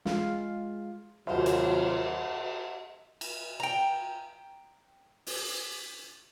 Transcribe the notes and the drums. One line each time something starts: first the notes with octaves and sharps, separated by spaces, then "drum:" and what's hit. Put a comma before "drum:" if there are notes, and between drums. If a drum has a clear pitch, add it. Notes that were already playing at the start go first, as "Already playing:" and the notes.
G#3 F4 F5, drum: snare
D#2 C3 D#3 F#3 F4 C5, drum: cymbal
drum: hi-hat
drum: cymbal
G5 A#5
drum: open hi-hat